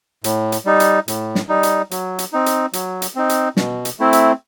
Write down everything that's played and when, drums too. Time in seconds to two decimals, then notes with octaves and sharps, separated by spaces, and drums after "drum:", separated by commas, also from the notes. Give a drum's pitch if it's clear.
0.24 A2, drum: hi-hat
0.52 drum: hi-hat
0.65 G3 D#4
0.80 drum: hi-hat
1.08 A2, drum: hi-hat
1.35 drum: snare
1.49 G3 D#4
1.63 drum: hi-hat
1.91 F#3, drum: hi-hat
2.19 drum: hi-hat
2.33 C4 D#4
2.46 drum: hi-hat
2.73 F#3, drum: hi-hat
3.02 drum: hi-hat
3.15 C4 D#4
3.29 drum: hi-hat
3.57 B2, drum: snare
3.85 drum: hi-hat
3.99 A3 C4 E4
4.13 drum: hi-hat